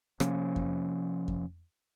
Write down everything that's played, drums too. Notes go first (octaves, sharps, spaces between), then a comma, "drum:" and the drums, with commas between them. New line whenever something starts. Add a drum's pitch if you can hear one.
C3 F3 A#3 C#4, drum: rim click
drum: kick F2
drum: kick F2